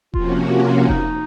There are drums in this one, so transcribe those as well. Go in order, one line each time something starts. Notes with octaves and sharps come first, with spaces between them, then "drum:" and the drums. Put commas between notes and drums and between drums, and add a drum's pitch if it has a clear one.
C3 F3 A#3 C#4 F4 F#4, drum: kick E1
F4
D#4, drum: kick E1